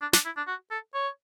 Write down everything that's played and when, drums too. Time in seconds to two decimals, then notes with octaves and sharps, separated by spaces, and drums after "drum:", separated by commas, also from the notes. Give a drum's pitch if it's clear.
0.01 D4
0.13 D4, drum: snare
0.25 E4
0.37 D4
0.47 F#4
0.71 A4
0.94 C#5